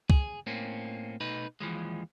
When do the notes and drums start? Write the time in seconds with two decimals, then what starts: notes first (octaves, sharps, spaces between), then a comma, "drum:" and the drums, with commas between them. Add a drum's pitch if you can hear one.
0.10 G#4, drum: kick
0.47 A2 A#3 C4 C#4
1.20 B2 A3 D#4 B4
1.60 D#2 E3 F3 G#3